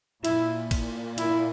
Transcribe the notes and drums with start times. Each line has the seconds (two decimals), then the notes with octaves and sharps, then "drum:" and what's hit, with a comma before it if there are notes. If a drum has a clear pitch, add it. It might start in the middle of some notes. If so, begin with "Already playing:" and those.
0.25 A#2 E4, drum: cymbal
0.71 drum: kick A1, cymbal
1.18 E4, drum: cymbal